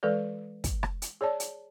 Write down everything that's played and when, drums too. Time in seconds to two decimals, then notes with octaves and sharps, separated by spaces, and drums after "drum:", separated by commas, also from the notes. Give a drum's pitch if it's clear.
0.03 E3 G#3 A4 B4 D5
0.64 drum: kick, hi-hat
0.83 drum: rim click
1.02 drum: hi-hat
1.21 G#4 C#5 D5 A5
1.40 drum: hi-hat